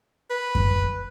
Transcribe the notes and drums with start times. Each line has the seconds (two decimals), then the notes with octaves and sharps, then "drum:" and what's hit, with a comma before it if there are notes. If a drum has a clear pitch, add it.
0.30 B4
0.55 drum: kick F#2